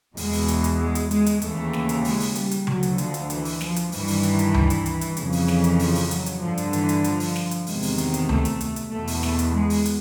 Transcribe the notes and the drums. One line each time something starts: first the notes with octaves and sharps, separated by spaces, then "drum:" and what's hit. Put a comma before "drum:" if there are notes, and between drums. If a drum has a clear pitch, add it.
E2 B2 G#3, drum: open hi-hat
drum: open hi-hat
drum: hi-hat
drum: hi-hat
G#3
drum: hi-hat
G#3, drum: hi-hat
drum: hi-hat
D#2 C#3 E3 A3, drum: hi-hat
drum: snare
drum: hi-hat
G#3, drum: open hi-hat
drum: open hi-hat
G3, drum: hi-hat
drum: hi-hat
D2 D3 F#3, drum: tom C#3
drum: hi-hat
F3, drum: hi-hat
drum: hi-hat
E3, drum: hi-hat
drum: open hi-hat
F3, drum: snare
drum: hi-hat
G2 D#3 E3, drum: open hi-hat
drum: open hi-hat
drum: hi-hat
drum: hi-hat
drum: tom C#2
drum: hi-hat
drum: hi-hat
drum: hi-hat
F2 C#3 E3, drum: hi-hat
drum: open hi-hat
drum: snare
drum: hi-hat
F3, drum: open hi-hat
drum: open hi-hat
F#3, drum: hi-hat
drum: hi-hat
G2 D3 F3
drum: hi-hat
E3, drum: hi-hat
drum: hi-hat
F3, drum: hi-hat
drum: open hi-hat
drum: snare
drum: hi-hat
E2 C3 D#3 G#3, drum: open hi-hat
drum: open hi-hat
drum: hi-hat
drum: hi-hat
A3, drum: tom C#2
drum: hi-hat
drum: hi-hat
drum: hi-hat
E2 B2 A3
drum: open hi-hat
A3, drum: snare
drum: hi-hat
G#3
drum: open hi-hat
drum: hi-hat